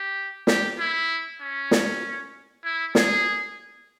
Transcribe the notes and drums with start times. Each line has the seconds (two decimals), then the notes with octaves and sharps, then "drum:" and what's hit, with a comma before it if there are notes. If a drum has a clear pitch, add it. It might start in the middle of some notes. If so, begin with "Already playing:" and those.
Already playing: G4
0.47 G4, drum: snare
0.79 E4
1.41 C#4
1.71 drum: snare
2.64 E4
2.95 G#4, drum: snare